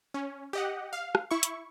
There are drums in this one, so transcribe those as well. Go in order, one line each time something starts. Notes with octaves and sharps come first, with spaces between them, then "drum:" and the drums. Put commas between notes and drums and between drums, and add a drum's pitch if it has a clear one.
C#4
G4 D#5 F#5
F5
drum: rim click
E4 C#6
drum: hi-hat